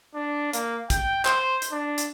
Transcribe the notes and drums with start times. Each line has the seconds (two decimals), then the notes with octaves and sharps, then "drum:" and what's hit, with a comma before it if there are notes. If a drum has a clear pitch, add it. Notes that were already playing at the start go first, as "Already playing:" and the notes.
0.15 D4
0.53 A#3, drum: hi-hat
0.90 G5, drum: kick, hi-hat
1.25 C5, drum: clap
1.62 drum: hi-hat
1.72 D4
1.98 drum: hi-hat